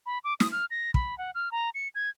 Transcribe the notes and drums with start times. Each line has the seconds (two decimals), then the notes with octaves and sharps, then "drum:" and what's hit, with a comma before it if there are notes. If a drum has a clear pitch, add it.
0.06 B5
0.24 D6
0.40 D#6, drum: snare
0.52 F6
0.71 A#6
0.94 B5, drum: kick
1.18 F#5
1.35 F6
1.52 A#5
1.74 C#7
1.95 G#6